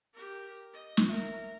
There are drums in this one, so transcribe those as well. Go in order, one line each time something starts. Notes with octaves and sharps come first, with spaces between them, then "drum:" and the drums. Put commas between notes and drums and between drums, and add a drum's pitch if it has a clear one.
G4 A#4
D#5
drum: snare
A#4 E5 A#5